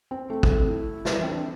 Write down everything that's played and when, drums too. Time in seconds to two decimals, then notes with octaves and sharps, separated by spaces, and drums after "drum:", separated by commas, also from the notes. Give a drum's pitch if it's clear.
0.11 C4
0.30 A3 C4
0.43 drum: kick
0.67 E4
1.05 G3, drum: snare
1.17 E3
1.23 C4
1.29 D4